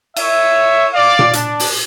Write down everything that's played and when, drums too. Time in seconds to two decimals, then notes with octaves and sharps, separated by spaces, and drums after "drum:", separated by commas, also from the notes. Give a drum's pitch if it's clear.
0.17 C#5 E5, drum: cymbal
0.93 D5 F5
1.19 drum: tom A#2
1.33 D4, drum: hi-hat
1.59 drum: open hi-hat